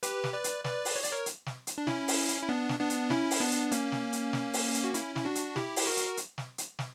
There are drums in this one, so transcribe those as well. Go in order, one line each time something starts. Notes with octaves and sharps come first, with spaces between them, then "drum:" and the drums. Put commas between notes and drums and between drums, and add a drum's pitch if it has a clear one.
G4 B4, drum: hi-hat
drum: snare
B4 D5
drum: hi-hat
B4 D5, drum: snare
drum: open hi-hat
C#5
D5, drum: hi-hat
A#4 C#5
drum: hi-hat
drum: snare
drum: hi-hat
D4
C#4 E4, drum: snare
drum: open hi-hat
drum: hi-hat
E4
B3 D4
drum: snare
B3 D4
drum: hi-hat
C#4 E4, drum: snare
drum: open hi-hat
B3 D4
drum: hi-hat
A#3 C#4, drum: hi-hat
drum: snare
drum: hi-hat
drum: snare
drum: open hi-hat
drum: hi-hat
F#4
C#4 E4, drum: hi-hat
E4, drum: snare
D4 F#4
drum: hi-hat
E4 G4, drum: snare
drum: open hi-hat
F#4 A#4
drum: hi-hat
drum: hi-hat
drum: snare
drum: hi-hat
drum: snare